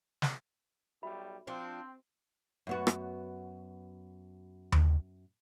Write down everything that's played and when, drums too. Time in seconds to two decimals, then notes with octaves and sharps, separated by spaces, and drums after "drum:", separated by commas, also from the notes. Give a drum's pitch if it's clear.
0.22 drum: snare
1.03 B1 G3 F#4 E5 B5
1.47 F3 C4 D4
2.67 F#2 B3 F#4
2.87 drum: rim click
4.72 drum: tom D#2